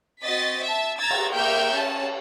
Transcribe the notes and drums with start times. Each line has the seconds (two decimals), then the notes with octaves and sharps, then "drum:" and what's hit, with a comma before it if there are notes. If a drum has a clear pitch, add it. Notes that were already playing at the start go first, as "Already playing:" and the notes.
0.22 C4 F#4 D#5 A6 B6
0.63 E5 A5
0.98 A#5 E6 G#6 A6
1.11 drum: cymbal
1.32 A#3 A#4 E5 G5 F6 G6
1.74 C#4 A5